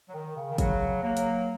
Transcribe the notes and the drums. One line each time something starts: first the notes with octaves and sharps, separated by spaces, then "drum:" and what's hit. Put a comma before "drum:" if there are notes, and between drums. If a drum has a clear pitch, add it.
F#3
D#3
C#3
D#3
C#3 F#3, drum: kick, hi-hat
F#3 A#3
drum: hi-hat